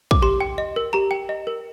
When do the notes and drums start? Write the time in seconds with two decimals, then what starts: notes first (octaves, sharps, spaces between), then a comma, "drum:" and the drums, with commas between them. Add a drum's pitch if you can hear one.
0.11 D6, drum: kick
0.22 G4 C6
0.40 G5
0.58 D#5
0.76 A#4
0.93 G4 A#5
1.11 G5
1.29 D#5
1.47 A#4